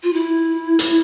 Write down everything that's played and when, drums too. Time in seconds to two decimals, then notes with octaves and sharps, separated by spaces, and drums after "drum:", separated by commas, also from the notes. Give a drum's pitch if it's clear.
0.03 F4
0.13 E4
0.79 drum: hi-hat